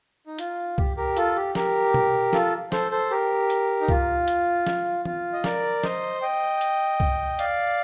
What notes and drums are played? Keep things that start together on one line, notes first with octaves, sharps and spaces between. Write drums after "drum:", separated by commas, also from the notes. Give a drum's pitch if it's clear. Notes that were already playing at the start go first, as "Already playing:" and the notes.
D#4
F4, drum: hi-hat
G4, drum: kick C2
G4 A#4
F4 A4, drum: hi-hat
G4
G4 A#4, drum: snare
drum: tom B2
F4 A4, drum: snare
A4 C5, drum: snare
A4 C5
G4 A#4
drum: hi-hat
D#4
F4, drum: kick C2
drum: hi-hat
drum: snare
F4, drum: tom E3
D#5
A#4 D5, drum: snare
C5 D#5, drum: snare
D#5 G5
drum: hi-hat
drum: kick C2
D5 F5, drum: hi-hat